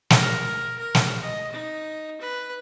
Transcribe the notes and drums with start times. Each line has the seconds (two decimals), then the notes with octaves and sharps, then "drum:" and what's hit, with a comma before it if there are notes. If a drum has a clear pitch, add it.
0.10 A#4, drum: snare
0.78 A#4
0.95 drum: snare
1.22 D#5
1.52 D#4
2.21 B4